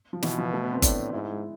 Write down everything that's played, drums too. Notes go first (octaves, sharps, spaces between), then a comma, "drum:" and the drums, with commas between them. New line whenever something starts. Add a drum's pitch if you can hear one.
F3
B2 E3, drum: snare
F3
A3
B3
C4
A2 D4, drum: kick G1, hi-hat
G#2 E4
E4
G#3